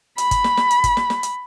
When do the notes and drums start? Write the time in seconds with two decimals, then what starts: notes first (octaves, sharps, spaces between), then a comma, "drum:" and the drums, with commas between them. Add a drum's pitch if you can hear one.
0.18 B5, drum: hi-hat
0.31 drum: kick, hi-hat
0.44 drum: snare
0.57 drum: snare
0.71 drum: hi-hat
0.84 drum: kick, hi-hat
0.97 drum: snare
1.10 drum: snare
1.23 drum: hi-hat